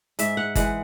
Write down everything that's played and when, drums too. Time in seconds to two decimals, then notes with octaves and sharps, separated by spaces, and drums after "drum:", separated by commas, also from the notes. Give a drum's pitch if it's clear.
0.19 G#2 E5, drum: hi-hat
0.37 F#5
0.55 E3 G#3 F#5, drum: kick G1, hi-hat